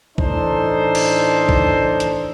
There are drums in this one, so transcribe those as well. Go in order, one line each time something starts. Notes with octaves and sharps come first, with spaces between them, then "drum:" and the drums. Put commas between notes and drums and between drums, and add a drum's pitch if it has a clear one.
A2 E3 D4 D#4 A4 C5, drum: kick
drum: cymbal
drum: kick
drum: hi-hat